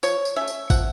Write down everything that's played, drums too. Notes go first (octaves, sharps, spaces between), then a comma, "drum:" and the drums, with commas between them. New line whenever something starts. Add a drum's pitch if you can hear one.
F3 C#5, drum: tambourine
drum: tambourine
A3 C#4 E5
drum: tambourine
F3 F#5, drum: kick, tambourine